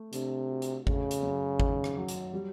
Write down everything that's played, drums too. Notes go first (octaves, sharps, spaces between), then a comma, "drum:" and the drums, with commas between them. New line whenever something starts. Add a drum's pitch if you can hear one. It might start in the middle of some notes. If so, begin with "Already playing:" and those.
Already playing: A3
C3 D4, drum: hi-hat
F#4
drum: hi-hat
C#3 A3, drum: kick G#1
drum: hi-hat
F#2
D#3, drum: kick G#1
drum: rim click
F#3
drum: hi-hat
G3